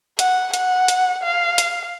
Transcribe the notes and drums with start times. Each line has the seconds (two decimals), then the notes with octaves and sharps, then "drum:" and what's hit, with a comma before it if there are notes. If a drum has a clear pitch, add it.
0.19 F#5, drum: hi-hat
0.54 F#5, drum: hi-hat
0.88 drum: hi-hat
1.23 F5
1.58 drum: hi-hat